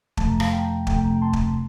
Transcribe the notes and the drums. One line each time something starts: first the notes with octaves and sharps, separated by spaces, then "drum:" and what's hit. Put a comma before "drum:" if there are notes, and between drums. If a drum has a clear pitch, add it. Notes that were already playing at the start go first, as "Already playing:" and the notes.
F2 C3 F3 A3 A5, drum: kick
A#5
F5 A5, drum: rim click
G5 A#5
F2 C3 F3 A3 G5 A#5, drum: kick
G5 A#5
A5 C6
drum: kick